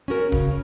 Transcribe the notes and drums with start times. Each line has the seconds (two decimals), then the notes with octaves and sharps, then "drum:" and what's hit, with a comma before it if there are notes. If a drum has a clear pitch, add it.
0.08 C#4 F#4 A#4
0.32 C#3, drum: kick D1